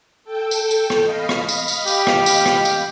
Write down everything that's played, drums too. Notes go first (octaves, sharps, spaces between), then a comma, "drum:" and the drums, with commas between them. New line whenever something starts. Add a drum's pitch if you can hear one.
A4 G5
drum: tambourine
drum: tambourine
drum: rim click
D#5 F5 B5
drum: rim click
drum: tambourine
drum: tambourine
G4, drum: tambourine
drum: rim click
drum: tambourine
drum: rim click
drum: tambourine